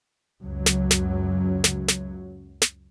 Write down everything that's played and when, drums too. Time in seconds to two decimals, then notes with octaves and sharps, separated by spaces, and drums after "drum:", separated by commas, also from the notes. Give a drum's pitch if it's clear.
0.42 C#2 F#2 F#3
0.66 drum: snare
0.91 drum: snare
1.64 drum: snare
1.88 drum: snare
2.62 drum: snare